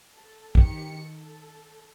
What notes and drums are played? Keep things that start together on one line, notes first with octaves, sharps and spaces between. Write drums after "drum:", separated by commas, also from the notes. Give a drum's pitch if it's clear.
A4
D#3 G4 C#7, drum: kick
A4